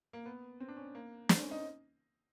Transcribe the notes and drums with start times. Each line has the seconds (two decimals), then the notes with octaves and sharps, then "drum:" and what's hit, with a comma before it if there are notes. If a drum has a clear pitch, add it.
0.13 A#3
0.26 B3
0.60 C4
0.68 D4
0.77 C#4
0.95 A#3
1.29 C4, drum: snare
1.41 C#4
1.51 D#4